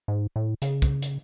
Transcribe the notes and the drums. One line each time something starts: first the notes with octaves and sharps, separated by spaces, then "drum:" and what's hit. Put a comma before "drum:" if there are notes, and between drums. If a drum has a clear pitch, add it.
G#2
A2
C#3, drum: hi-hat
drum: kick, hi-hat
drum: hi-hat